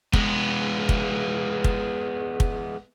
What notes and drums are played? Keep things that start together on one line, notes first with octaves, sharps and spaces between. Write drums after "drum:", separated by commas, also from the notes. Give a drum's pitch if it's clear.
G#3 B3, drum: kick
drum: kick
drum: kick
drum: kick